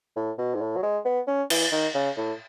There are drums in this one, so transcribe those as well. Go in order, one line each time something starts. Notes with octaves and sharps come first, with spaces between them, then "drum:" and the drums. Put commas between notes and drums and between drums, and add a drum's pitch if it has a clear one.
A2
B2
G#2
A2
F#3
G#3
B3
C#4
E3, drum: cymbal
D#3
C#3
A2